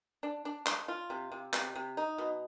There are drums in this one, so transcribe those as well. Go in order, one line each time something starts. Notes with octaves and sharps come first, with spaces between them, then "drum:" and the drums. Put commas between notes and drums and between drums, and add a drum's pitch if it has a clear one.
D4
D4
D4, drum: clap
F4
C3
C3
C3, drum: clap
C3
D#4
B2